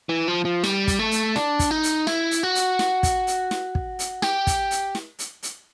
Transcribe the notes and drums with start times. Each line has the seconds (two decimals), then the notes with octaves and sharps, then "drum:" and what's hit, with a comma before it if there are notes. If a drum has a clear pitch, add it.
0.09 E3
0.28 F3
0.45 F3
0.64 G3, drum: snare
0.87 drum: kick, hi-hat
0.99 A3
1.11 drum: hi-hat
1.36 D4, drum: snare
1.59 drum: kick, hi-hat
1.71 D#4
1.83 drum: hi-hat
2.07 E4, drum: snare
2.31 drum: hi-hat
2.43 F#4
2.55 drum: hi-hat
2.79 drum: snare
3.03 drum: kick, hi-hat
3.27 drum: hi-hat
3.51 drum: snare
3.75 drum: kick
3.99 drum: hi-hat
4.22 G4, drum: snare
4.47 drum: kick, hi-hat
4.71 drum: hi-hat
4.95 drum: snare
5.19 drum: hi-hat
5.43 drum: hi-hat